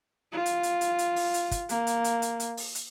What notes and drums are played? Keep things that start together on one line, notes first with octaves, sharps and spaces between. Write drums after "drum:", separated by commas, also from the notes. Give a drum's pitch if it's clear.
F4
drum: hi-hat
drum: hi-hat
drum: hi-hat
drum: hi-hat
drum: open hi-hat
drum: hi-hat
drum: kick, hi-hat
A#3, drum: hi-hat
drum: hi-hat
drum: hi-hat
drum: hi-hat
drum: hi-hat
drum: open hi-hat
drum: hi-hat